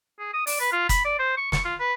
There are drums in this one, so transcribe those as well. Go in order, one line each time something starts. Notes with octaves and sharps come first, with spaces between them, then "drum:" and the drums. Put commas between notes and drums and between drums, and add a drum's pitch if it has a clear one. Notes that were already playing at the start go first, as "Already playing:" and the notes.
G#4
D#6
D5, drum: open hi-hat
B4
F4
B5, drum: kick F#1, hi-hat
D5
C5
C#6
C#6, drum: snare
F4
B4